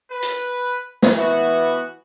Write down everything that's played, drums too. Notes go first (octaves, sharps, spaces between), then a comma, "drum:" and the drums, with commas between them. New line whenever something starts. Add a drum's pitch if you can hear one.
B4
drum: hi-hat
drum: snare
E3 B3 F#4